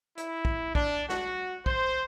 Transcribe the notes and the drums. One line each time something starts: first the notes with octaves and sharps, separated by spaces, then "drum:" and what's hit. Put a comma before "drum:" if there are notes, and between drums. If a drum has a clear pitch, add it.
E4, drum: hi-hat
drum: kick
D4, drum: kick
F#4, drum: snare
C5, drum: kick